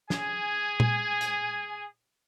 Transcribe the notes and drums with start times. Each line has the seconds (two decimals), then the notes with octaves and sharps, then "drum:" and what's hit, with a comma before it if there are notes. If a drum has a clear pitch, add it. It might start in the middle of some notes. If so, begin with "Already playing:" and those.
0.10 G#4 G#5, drum: snare
0.80 drum: tom
1.21 drum: hi-hat